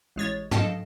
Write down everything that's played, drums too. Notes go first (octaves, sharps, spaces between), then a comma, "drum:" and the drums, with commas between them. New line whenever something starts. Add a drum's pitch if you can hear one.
A1 G#3 C#5 A6
A4 D#5 F5 G5 A5, drum: tom